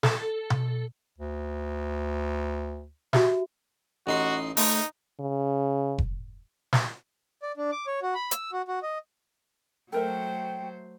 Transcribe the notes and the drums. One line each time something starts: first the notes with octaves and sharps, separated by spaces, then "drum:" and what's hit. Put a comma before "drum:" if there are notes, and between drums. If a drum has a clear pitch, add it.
A4, drum: snare
drum: tom B2
D2
F#4 G4 E5, drum: snare
A1 D#4 F#4 C6
A3 D#4, drum: open hi-hat
C#3
drum: kick F1
drum: snare
D5
D4
D6
C#5
F#4
B5
E6, drum: hi-hat
F#4
F#4
D#5
F#3 A3 A4 A#4 C5 E5 G5